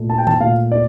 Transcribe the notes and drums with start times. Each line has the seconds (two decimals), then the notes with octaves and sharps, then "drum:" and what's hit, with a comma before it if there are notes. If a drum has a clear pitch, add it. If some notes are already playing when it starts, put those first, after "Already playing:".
Already playing: A#2 A3
0.10 A5
0.18 G5
0.27 A5, drum: tom D3
0.40 A#2 A3 F5
0.72 D5